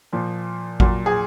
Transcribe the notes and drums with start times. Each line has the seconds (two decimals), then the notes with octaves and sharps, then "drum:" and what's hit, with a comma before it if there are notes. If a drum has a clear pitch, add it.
0.13 A#2 F3
0.80 A#2 F#3, drum: kick G#1
1.06 G#4